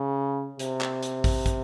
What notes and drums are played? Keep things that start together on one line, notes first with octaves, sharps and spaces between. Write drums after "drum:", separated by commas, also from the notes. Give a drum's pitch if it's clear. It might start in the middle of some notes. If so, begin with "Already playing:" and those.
Already playing: C#3
C3, drum: hi-hat
drum: clap
drum: hi-hat
drum: kick, open hi-hat
drum: kick, hi-hat